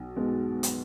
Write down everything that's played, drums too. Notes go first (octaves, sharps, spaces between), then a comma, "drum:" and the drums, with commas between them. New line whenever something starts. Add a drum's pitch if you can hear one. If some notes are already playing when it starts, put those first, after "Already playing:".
Already playing: B1
B2 G#3
drum: hi-hat